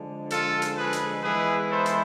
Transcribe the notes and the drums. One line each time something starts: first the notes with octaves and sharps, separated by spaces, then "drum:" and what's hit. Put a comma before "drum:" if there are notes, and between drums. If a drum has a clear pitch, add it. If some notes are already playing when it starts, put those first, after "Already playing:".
Already playing: D3 F3 G#3
F4 A4, drum: hi-hat
drum: hi-hat
G#4 B4
drum: hi-hat
E3 G#3 B3 E4 G#4 B4
A4 C5
drum: hi-hat